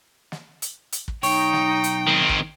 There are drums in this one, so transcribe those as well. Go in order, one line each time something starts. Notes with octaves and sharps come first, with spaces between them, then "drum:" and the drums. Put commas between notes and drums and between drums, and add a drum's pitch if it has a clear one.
drum: snare
drum: hi-hat
drum: hi-hat
drum: kick
B1 D#4 C#5 G5, drum: open hi-hat
drum: snare
drum: hi-hat
D#3 C4
drum: kick